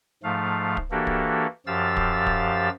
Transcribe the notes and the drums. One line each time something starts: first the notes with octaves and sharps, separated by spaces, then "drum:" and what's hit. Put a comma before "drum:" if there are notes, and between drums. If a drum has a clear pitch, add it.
G#2 F3 A3 F5
drum: kick
E3 A#3 D4 F#4 G4 A4
drum: kick
F#2 F3 G4 F5 E6 A6
drum: kick
drum: kick